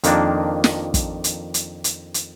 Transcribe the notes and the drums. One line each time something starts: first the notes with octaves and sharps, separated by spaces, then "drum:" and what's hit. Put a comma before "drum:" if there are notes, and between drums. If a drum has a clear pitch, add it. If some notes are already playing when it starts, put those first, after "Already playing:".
F2 D#3 A#3 D4, drum: hi-hat
drum: snare
drum: kick, hi-hat
drum: hi-hat
drum: hi-hat
drum: hi-hat
drum: hi-hat